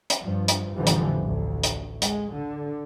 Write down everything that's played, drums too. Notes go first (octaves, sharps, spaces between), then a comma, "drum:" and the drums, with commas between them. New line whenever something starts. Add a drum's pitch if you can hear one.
drum: hi-hat
G2 F3
drum: hi-hat
A1 F2 D3 E3 F3 G3
drum: hi-hat
A1 D2
drum: hi-hat
G#3, drum: hi-hat
D3